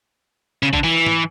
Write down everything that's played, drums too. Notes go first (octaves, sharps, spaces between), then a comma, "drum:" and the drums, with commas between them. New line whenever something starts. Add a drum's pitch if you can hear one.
C#3
D3, drum: kick
E3
drum: tom